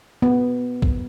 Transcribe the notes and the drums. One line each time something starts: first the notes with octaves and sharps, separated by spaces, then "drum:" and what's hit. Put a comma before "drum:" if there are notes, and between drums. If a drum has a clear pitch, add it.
B3
drum: kick